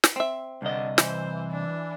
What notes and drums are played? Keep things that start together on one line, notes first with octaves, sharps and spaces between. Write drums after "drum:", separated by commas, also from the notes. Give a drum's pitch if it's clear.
drum: snare
C4 E5
C2 D3 D#5
E3 C5, drum: snare
D4